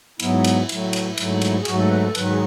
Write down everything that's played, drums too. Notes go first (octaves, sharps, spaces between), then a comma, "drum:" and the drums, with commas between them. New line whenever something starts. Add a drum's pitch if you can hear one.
G#2 F#3 B3 E4, drum: cymbal
drum: cymbal
A2 F#3 A3, drum: cymbal
drum: cymbal
G#2 F#3 A3, drum: cymbal
drum: cymbal
G#4
G#2 F#3 A3 F#4, drum: cymbal
A4
B4
A4
G#2 D#3 F#3 B4, drum: cymbal
G#4